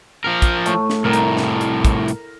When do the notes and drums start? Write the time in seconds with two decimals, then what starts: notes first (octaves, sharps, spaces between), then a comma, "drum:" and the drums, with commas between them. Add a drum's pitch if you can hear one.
0.24 F3 A#4
0.42 drum: kick, hi-hat
0.66 A2 A3, drum: hi-hat
0.90 drum: snare
1.04 C2 A2 A#4
1.13 drum: hi-hat
1.37 drum: snare
1.61 drum: hi-hat
1.85 drum: kick, hi-hat
2.08 drum: hi-hat